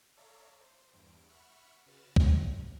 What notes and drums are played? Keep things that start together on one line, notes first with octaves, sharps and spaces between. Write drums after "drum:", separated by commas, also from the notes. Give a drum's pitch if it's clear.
A4 C#5 D5 E5 F5 A#5
C5
E2 G2 D7
E5 F#5 B5 C#6 F6
C#3 F#4 B4 F6 A6 E7
drum: kick
A2 C3